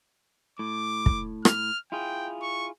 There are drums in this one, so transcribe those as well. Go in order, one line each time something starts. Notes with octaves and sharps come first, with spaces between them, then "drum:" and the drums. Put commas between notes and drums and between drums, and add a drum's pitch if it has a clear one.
A2 D6
drum: kick
F6, drum: rim click
E4 F4 G#4 G5
C#6